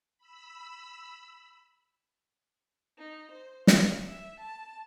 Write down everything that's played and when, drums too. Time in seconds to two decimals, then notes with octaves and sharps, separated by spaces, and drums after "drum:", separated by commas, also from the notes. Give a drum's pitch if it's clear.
0.18 B5 E6
2.98 D#4
3.31 C5
3.67 F5, drum: snare
4.05 E5
4.40 A5